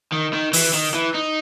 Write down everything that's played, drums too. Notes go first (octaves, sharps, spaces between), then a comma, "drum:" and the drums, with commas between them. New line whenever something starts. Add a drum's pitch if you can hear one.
D#3
D#3
E3, drum: open hi-hat
D#3
E3
D#4